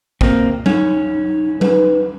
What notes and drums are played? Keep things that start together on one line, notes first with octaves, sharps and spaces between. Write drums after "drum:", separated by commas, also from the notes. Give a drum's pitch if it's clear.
A#3 C4, drum: kick
C#4 D#4, drum: tom F#3
D#4 B4, drum: tom F#3